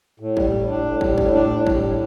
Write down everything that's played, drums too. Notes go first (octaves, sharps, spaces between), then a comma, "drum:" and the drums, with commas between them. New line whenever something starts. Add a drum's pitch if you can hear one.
A2
G3, drum: kick
A2
D4
A2
G3, drum: kick
A2, drum: kick
D4
A2
G3, drum: kick
A2